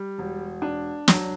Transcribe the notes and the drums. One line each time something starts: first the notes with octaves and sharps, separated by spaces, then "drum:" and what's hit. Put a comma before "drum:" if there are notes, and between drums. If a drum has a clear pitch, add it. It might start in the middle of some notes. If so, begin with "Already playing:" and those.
Already playing: G3
E1
D4
F#3, drum: snare